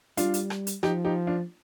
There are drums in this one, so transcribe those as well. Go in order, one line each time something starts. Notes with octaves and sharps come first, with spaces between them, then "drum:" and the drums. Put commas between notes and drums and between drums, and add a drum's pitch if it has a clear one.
G3 D4 F4, drum: hi-hat
drum: hi-hat
drum: rim click
drum: hi-hat
F3 D#4 G4, drum: rim click
D#4 G4
D4 F4